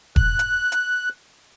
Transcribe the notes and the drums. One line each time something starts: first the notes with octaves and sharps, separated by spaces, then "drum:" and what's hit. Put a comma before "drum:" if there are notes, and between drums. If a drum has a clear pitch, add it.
F#6, drum: kick E1
drum: hi-hat
drum: hi-hat